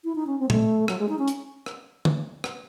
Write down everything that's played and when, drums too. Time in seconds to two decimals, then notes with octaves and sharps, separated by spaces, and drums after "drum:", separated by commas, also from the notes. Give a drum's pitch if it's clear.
0.04 E4
0.15 D#4
0.27 C#4
0.39 C4
0.50 A3, drum: tom A#2
0.88 F#3, drum: rim click
0.99 G#3
1.09 D#4
1.19 C#4
1.28 drum: hi-hat
1.66 drum: rim click
2.05 drum: tom D3
2.44 drum: rim click